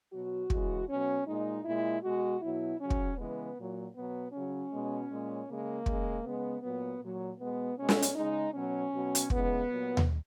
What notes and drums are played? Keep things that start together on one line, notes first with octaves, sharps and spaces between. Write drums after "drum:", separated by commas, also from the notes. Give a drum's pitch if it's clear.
B2 F#3 F#4
C#3 E3 G#3, drum: kick
B2 F#3 C#4
A#2 G#3 D#4
A#2 G#3 E4
B2 G#3 F#4
B2 F#3 E4
C#3 F#3 C#4
drum: kick
C#3 E3 G#3 B3
A#2 F#3
B2 F#3 B3
C#3 F#3 C#4
B2 G#3
A#2 G#3
C#3 G#3 A#3
C#3 G#3, drum: kick
C#3 G#3 B3
A#2 F#3 B3
A#2 F#3
B2 G#3 B3
B2 G#3 C#4
drum: snare
drum: hi-hat
C#3 G#3 D#4
B2 F#3 C#4
B2 F#3
drum: hi-hat
C#3 E3 G#3 B3, drum: kick
A#2 F#3
drum: tom D#2